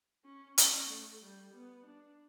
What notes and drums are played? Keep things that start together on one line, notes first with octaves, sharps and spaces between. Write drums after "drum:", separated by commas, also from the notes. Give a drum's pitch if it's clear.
C#4
C#4, drum: hi-hat
A3
G3
B3
D4